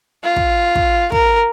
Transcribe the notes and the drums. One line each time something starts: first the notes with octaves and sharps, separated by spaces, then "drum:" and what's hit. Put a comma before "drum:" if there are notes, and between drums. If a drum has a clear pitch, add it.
F4
drum: kick
drum: kick
A#4, drum: kick